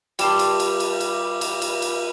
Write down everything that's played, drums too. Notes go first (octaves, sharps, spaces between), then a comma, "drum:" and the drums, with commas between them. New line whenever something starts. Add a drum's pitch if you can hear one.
G3 G5 A5 C6, drum: cymbal
drum: cymbal
drum: cymbal
drum: cymbal
drum: cymbal
drum: cymbal
drum: cymbal
drum: cymbal